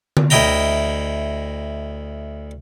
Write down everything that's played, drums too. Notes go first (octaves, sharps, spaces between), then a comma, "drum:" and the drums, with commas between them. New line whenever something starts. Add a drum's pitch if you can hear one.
drum: tom D3
D2 E4 D#5 G5 A#5